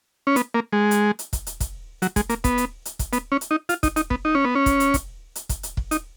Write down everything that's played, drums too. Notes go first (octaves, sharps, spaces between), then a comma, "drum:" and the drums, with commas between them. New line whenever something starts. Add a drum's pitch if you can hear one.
C#4
B3, drum: hi-hat
A#3
G#3
drum: hi-hat
drum: hi-hat
drum: kick, hi-hat
drum: hi-hat
drum: kick, hi-hat
F#3, drum: hi-hat
G#3, drum: kick, hi-hat
A#3, drum: hi-hat
B3, drum: kick, hi-hat
drum: hi-hat
drum: hi-hat
drum: kick, hi-hat
B3, drum: hi-hat
C#4
drum: hi-hat
D#4
F4, drum: hi-hat
D#4, drum: kick, hi-hat
D#4, drum: hi-hat
B3, drum: kick
D#4
C#4
B3
C#4
drum: kick, hi-hat
drum: hi-hat
drum: kick, hi-hat
drum: hi-hat
drum: kick, hi-hat
drum: hi-hat
drum: kick
D#4, drum: hi-hat